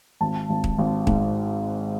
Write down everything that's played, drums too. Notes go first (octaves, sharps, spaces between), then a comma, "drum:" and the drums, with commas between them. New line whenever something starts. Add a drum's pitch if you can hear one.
G#1 A5
G#1
drum: kick
G#1
G#2, drum: kick